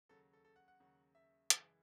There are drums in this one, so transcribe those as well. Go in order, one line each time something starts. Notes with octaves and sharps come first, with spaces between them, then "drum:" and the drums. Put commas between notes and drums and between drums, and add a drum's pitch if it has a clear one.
D#2 C#3 F#3 A4
A4
A4
F#5
F#5
D#2 C#3 F#3
E5
F#1 F#2 E3 G#3, drum: hi-hat